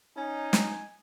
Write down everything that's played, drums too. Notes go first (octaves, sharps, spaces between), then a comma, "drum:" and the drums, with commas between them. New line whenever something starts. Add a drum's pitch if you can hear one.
C#4 D#4 G#5
drum: snare